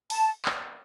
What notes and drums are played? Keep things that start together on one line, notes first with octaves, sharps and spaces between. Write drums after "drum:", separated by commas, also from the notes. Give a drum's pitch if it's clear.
A5, drum: open hi-hat
drum: clap